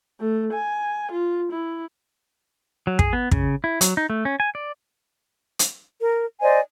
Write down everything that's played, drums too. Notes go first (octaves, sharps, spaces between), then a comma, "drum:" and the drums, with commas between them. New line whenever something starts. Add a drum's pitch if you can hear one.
A3
G#5
F4
E4
F#3
G#4, drum: kick
B3
C#3, drum: kick
E4
F#3, drum: hi-hat
D#4
A3
C#4
G#5
D5
drum: hi-hat
A#4
C5 D5 D#5 G#5